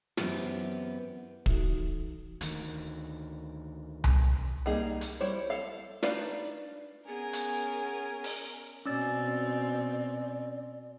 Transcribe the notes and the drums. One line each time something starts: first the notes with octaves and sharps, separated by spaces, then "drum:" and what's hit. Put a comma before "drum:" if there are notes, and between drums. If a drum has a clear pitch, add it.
F#2 E3 B3 C4 G4, drum: snare
E3 D#4 F#4 A4, drum: kick
D2 D#3, drum: hi-hat
drum: tom C2
G3 A#3 D#4 G#4
drum: hi-hat
G3 E4 C5 C#5
A4 F5
D4 D#4 B4 D5 F5, drum: snare
B3 C#4 G#4 A#4 G#5
drum: hi-hat
drum: open hi-hat
B2 C4 C#4 D5 E6 A6